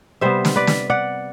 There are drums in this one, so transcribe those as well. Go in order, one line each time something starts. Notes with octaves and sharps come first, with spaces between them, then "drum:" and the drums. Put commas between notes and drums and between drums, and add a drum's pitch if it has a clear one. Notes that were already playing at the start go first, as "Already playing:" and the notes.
C3 G3 B3 C5 E5
drum: snare
B4 D5
drum: snare
D5 F#5